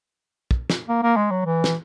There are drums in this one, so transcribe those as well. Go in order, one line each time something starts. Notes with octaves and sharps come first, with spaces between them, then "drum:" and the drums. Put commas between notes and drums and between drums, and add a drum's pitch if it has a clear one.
drum: kick
drum: snare
A#3
A#3
G#3
F#3
E3
drum: snare